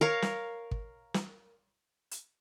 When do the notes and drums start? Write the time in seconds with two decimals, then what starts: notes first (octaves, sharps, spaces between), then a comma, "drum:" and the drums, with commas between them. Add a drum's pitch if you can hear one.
0.01 A#4 C#5 F5
0.22 drum: snare
0.71 drum: kick
1.14 drum: snare
2.11 drum: hi-hat